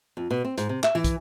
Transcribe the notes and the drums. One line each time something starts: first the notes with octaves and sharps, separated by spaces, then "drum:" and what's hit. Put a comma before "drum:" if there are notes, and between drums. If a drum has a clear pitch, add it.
F2
B2
C4
G#2, drum: hi-hat
C3
E5, drum: clap
E3
drum: kick, hi-hat